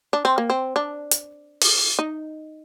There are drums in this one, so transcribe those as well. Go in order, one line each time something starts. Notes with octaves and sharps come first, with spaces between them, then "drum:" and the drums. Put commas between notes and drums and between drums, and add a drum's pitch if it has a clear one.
D4
C4
A#3
C4
D4
drum: hi-hat
drum: open hi-hat
D#4